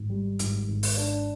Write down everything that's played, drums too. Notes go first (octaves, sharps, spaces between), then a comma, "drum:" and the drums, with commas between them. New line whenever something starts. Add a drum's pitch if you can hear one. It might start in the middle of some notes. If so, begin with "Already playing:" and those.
Already playing: G#1
G3
G#1, drum: hi-hat
G#1
drum: open hi-hat
D4